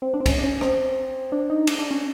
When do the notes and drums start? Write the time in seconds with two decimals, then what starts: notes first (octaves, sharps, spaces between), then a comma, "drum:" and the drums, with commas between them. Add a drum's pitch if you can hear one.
0.02 C4
0.14 D4
0.20 C4
0.26 C#4, drum: kick, cymbal
0.39 D4
0.44 C#4
0.61 C4, drum: rim click
1.32 D4
1.50 D#4
1.67 D4, drum: cymbal
1.79 D4
1.91 C#4